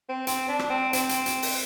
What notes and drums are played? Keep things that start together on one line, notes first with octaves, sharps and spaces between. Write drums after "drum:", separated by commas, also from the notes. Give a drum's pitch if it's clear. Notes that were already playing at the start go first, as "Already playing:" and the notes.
C4
C4, drum: hi-hat
D4
drum: rim click
C4
C4, drum: hi-hat
drum: hi-hat
drum: hi-hat
drum: open hi-hat